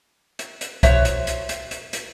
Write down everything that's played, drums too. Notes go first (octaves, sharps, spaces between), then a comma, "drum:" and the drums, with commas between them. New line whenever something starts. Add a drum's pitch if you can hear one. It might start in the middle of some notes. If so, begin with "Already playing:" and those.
drum: hi-hat
drum: hi-hat
F#4 C5 C#5 E5, drum: kick C2, hi-hat
drum: hi-hat
drum: hi-hat
drum: hi-hat
drum: hi-hat
drum: hi-hat